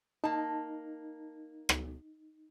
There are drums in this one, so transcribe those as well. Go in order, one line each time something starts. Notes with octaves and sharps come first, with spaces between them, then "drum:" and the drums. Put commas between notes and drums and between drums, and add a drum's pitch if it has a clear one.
A#3 D#4 A5
drum: rim click